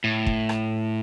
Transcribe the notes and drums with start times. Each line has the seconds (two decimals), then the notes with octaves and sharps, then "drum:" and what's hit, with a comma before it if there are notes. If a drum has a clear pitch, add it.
0.04 A2
0.27 drum: kick
0.49 drum: rim click